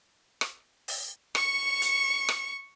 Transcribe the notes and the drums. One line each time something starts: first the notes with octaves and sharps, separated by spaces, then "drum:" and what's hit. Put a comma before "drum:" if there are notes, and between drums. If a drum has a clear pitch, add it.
drum: rim click
drum: open hi-hat
C#6 C#7, drum: rim click
drum: hi-hat
drum: rim click